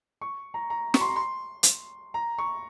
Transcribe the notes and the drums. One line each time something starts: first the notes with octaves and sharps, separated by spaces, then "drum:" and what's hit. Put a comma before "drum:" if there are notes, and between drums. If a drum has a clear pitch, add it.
C#6
A#5
A#5
C#6, drum: snare
C6
A#5
C6
drum: hi-hat
A#5
C#6